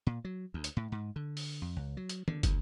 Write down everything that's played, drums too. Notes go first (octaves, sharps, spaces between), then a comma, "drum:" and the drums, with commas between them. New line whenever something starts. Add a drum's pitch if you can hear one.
A#2
F#3
D2
drum: hi-hat
A2
G#2
D3
drum: open hi-hat
F2
C#2
F#3
drum: hi-hat
D3, drum: tom
D2, drum: kick, hi-hat